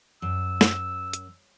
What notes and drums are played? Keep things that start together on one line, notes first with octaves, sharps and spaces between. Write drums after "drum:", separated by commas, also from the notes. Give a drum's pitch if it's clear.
F#2 E6
drum: snare
drum: hi-hat